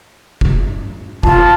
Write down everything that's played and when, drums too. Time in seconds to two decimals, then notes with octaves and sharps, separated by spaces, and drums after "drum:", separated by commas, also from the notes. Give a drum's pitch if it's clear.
0.41 drum: kick
1.23 F4 A5, drum: kick